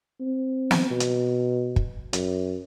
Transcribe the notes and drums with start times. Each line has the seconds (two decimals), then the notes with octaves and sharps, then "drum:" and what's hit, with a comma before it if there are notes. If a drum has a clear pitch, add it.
0.20 C4
0.71 drum: snare
0.91 B2
1.00 drum: hi-hat
1.76 drum: kick
2.13 F#2, drum: hi-hat